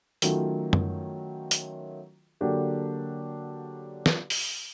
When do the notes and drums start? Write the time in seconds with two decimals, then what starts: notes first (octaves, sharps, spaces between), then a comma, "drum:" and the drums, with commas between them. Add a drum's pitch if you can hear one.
0.22 D#3 F#3 A3 C#4 F4, drum: hi-hat
0.73 drum: tom F#2
1.51 drum: hi-hat
2.41 D3 F#3 A#3 D4 G4
4.06 drum: snare
4.30 drum: open hi-hat